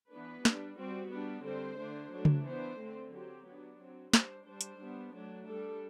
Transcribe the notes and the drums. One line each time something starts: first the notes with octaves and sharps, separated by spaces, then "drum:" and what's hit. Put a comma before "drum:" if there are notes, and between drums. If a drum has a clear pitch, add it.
E3 B3 D4 B4
G3 D4, drum: snare
G3 C4 F#4
G3 B3 D4
D3 G3 C4 C5
D3 A3 D4
F#3 A3 D4
drum: tom C#3
E3 B3 D4 C5
D3 A3 C4
F#3 C4 G4
F#3 B3 D4
F#3 C4
G3 D4 C5, drum: snare
G3 D4 C5
drum: hi-hat
G3 B3 D4
F#3 A3 D4
G3 D4 A4